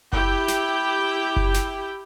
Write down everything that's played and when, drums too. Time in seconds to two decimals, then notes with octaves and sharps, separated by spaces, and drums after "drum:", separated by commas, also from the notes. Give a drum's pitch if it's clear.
0.13 E4 G4 G5, drum: kick F#1
0.48 drum: snare
1.37 drum: kick F#1
1.54 drum: snare